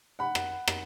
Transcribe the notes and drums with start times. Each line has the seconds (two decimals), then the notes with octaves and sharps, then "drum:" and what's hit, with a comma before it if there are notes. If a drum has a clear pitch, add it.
0.19 F#5 B5
0.35 drum: rim click
0.68 drum: rim click